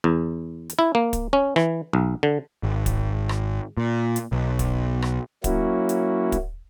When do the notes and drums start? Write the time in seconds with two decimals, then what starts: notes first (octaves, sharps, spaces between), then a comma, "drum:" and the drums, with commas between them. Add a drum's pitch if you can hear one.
0.04 E2
0.70 drum: hi-hat
0.79 E4
0.95 A#3
1.13 drum: kick, hi-hat
1.33 C#4
1.56 E3, drum: rim click
1.93 B1
2.23 D3
2.63 G#1
2.86 drum: kick, hi-hat
3.29 drum: rim click
3.77 A#2
4.16 drum: hi-hat
4.32 B1
4.59 drum: kick, hi-hat
5.02 drum: rim click
5.44 F#3 A#3 C#4 E4 F#4, drum: kick, hi-hat
5.89 drum: hi-hat
6.32 drum: kick, hi-hat